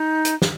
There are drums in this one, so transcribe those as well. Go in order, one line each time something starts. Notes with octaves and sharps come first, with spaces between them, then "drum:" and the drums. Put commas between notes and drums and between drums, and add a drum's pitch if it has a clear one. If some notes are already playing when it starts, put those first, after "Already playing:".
Already playing: D#4
drum: hi-hat
drum: snare